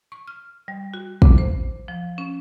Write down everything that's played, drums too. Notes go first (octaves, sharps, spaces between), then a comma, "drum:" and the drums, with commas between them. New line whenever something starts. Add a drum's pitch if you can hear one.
C#6
F6
G3
F#4
D6, drum: kick
C5
F3
C#4